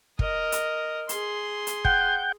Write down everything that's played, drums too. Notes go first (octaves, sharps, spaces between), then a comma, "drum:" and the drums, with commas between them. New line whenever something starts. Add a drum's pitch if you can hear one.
A#4 D#5, drum: kick
drum: hi-hat
G#4 C6, drum: hi-hat
drum: hi-hat
F#5 G5 G6, drum: kick